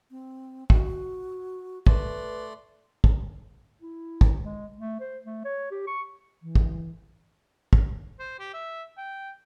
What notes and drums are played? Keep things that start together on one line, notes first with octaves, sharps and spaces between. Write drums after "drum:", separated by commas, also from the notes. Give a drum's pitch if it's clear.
C4
F#4, drum: kick
A3 B4 D5 C6, drum: kick
drum: kick
E4
drum: kick
G#3
A3
C5
A3
C#5
G4
C#6
E3
drum: kick
drum: kick
C5
G4
E5
G5